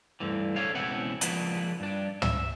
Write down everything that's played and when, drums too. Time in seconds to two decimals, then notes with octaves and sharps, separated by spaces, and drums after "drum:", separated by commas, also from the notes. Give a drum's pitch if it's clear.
0.20 D2 G2 D3 E3
0.56 D4 A4 C#5 F5
0.74 C#2 B2 E3 C4 E4 F#5
1.21 F3 G#3 A#3 D4 F#4 B4, drum: hi-hat
1.80 G2 D4
2.22 E5, drum: tom